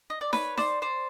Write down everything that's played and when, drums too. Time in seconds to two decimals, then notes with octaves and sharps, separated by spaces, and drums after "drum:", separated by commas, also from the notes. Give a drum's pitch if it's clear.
0.10 D#5
0.21 D5
0.33 B4 C#5, drum: snare D#4
0.57 C5 D5, drum: snare D#4
0.82 C5 D5